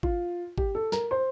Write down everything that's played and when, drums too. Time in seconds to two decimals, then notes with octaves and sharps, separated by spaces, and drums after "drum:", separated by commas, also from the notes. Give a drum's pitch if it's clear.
0.03 F4, drum: kick G#1
0.58 G4, drum: kick G#1
0.75 A4
0.92 A#4, drum: snare
1.11 C5